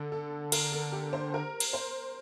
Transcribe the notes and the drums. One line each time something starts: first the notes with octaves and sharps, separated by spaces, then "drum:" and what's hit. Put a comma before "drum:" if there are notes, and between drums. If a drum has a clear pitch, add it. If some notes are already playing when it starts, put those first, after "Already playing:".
Already playing: D3 A4
A4
A#4, drum: cymbal
A4
G4
C5
A#4
drum: cymbal
C5